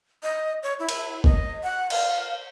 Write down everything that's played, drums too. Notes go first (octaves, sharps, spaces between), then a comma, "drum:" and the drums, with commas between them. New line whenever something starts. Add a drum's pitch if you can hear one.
D#5
C#5
E4
drum: cymbal
D#5, drum: kick
F#5
F5, drum: cymbal